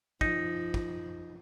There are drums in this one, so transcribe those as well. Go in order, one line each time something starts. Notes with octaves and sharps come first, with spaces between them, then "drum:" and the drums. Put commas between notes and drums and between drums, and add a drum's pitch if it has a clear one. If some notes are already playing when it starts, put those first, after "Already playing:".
F3 D#4, drum: kick
drum: kick